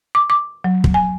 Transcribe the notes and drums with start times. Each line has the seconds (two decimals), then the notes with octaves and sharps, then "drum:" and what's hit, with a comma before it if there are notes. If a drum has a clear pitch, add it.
0.15 D6
0.30 D6
0.64 F#3
0.84 drum: kick
0.94 G#5